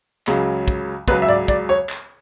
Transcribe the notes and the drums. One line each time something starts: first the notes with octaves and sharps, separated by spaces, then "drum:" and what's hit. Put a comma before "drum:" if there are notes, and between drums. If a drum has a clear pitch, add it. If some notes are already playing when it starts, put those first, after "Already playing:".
C#2 C#3 F#3, drum: clap
drum: kick, hi-hat
C#2 C#3 F#3 B4, drum: kick, hi-hat
E5
D5, drum: tom G#2
D5, drum: kick, hi-hat
C#5
drum: clap